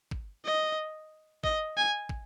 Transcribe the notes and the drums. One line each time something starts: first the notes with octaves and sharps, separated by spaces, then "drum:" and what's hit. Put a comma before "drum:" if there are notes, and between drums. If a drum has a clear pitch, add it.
drum: kick
D#5
D#5, drum: kick
G#5
drum: kick